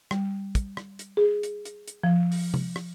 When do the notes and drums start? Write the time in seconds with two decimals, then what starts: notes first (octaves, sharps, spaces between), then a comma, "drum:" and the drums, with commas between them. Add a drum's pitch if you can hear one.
0.11 G3, drum: rim click
0.55 drum: kick, hi-hat
0.77 drum: rim click
0.99 drum: hi-hat
1.17 G#4
1.43 drum: hi-hat
1.65 drum: hi-hat
1.88 drum: hi-hat
2.04 F3
2.32 drum: open hi-hat
2.54 drum: tom C3
2.76 drum: rim click